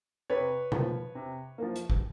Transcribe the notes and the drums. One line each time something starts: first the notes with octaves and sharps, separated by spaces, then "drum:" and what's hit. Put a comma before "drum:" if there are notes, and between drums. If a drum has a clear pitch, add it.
C3 B4 C#5
F3, drum: tom B2
A#3
C3
F3 A#3
drum: hi-hat
drum: kick